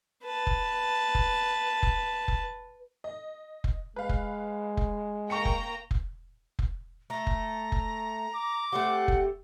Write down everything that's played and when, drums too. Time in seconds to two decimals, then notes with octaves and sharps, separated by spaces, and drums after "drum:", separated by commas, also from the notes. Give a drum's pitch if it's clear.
0.24 B4 A5
0.47 drum: kick F1
1.15 drum: kick F1
1.83 drum: kick F1
2.28 drum: kick F1
3.04 D#5
3.64 drum: kick F1
3.96 G#3 B4 F5
4.09 drum: kick F1
4.77 drum: kick F1
5.30 A#3 G5 A#5 C#6 C#7
5.45 drum: kick F1
5.91 drum: kick F1
6.59 drum: kick F1
7.10 A3 A#5
7.27 drum: kick F1
7.72 drum: kick F1
8.34 D6
8.72 A3 C4 G4 F#5
9.08 drum: kick F1